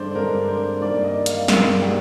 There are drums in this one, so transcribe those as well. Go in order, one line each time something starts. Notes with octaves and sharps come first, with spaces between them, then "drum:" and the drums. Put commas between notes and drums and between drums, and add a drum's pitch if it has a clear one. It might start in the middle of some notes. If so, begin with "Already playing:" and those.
Already playing: G2 D3 G#3 D4 C5 D5
G2 D3 G#3 D4 A#4
C5
G2 D#3 A#3 D5
D#5
F5, drum: hi-hat
G2 D#3 A#3 G#4, drum: snare
G4